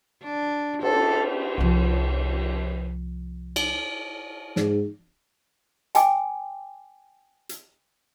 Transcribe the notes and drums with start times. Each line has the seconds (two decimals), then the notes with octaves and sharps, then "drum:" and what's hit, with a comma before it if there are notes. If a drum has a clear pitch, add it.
0.24 D4
0.83 A4, drum: cymbal
1.58 C2 F3
3.56 drum: cymbal
4.56 G#2, drum: snare
5.95 G5 G#5 D6, drum: hi-hat
7.49 drum: hi-hat